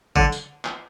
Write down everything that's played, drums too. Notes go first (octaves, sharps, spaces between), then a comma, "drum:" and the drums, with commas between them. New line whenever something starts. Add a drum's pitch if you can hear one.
D3, drum: kick G#1
drum: tambourine
drum: clap